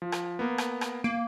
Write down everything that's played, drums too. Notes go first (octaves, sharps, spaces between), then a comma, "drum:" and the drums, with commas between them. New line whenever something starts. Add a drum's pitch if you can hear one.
F3
drum: rim click
A#3 B3
drum: rim click
drum: rim click
A#3 D7